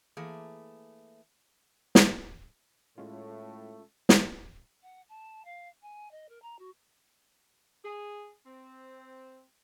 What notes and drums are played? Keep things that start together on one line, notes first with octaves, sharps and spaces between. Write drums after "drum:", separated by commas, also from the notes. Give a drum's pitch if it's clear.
E3 A3 A#3 G#4
drum: snare
A2 G#3 A3 C#4 F4
drum: snare
F#5
A5
F5
G#5
D#5
A#4
A#5
F#4
G#4
C4